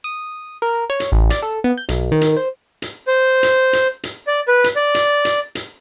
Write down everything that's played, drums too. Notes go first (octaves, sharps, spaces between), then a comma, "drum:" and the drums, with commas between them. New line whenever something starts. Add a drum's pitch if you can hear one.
D#6
A#4
C#5
drum: hi-hat
A1
D5, drum: hi-hat
A4
B3
G6
B1, drum: hi-hat
D#3
drum: hi-hat
C5
drum: hi-hat
C5
drum: hi-hat
drum: hi-hat
drum: hi-hat
D5
B4
drum: hi-hat
D5
drum: hi-hat
drum: hi-hat
drum: hi-hat